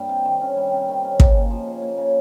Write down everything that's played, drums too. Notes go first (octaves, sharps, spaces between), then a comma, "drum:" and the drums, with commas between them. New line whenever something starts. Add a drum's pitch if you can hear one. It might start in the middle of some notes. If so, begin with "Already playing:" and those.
Already playing: G2 G3 A#3
C3
D#3
C#4
G3
C3
D#3
C#4
A#3, drum: kick
C#3
F3
C#3
A#3
C#3